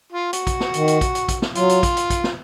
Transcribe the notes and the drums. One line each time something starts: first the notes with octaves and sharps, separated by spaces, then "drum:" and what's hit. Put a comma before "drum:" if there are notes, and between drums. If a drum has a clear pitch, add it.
F4
F#4, drum: hi-hat
drum: kick, hi-hat
drum: snare
D#3, drum: hi-hat
drum: hi-hat
drum: kick, hi-hat
drum: hi-hat
drum: kick, hi-hat
drum: snare
F#3 F4, drum: hi-hat
drum: hi-hat
drum: kick, hi-hat
drum: hi-hat
drum: kick, hi-hat
drum: snare